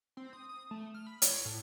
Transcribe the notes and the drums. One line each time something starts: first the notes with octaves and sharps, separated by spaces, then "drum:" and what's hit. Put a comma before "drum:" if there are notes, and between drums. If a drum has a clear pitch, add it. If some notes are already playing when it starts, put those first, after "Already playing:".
C4
D#6
D#6
A3
F6
B5
C#5, drum: hi-hat
A2